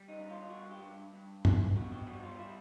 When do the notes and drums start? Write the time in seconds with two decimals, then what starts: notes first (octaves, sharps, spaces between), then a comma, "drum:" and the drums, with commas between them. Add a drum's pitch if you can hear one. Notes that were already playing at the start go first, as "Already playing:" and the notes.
Already playing: G3
0.08 D#4
0.19 G2
0.29 F4
0.50 G2 F#4
0.71 G4
0.82 G2
1.13 G2
1.45 G2, drum: tom
1.76 B2 F#4
1.92 G4
2.07 G3 F#4
2.23 F4
2.39 G3 E4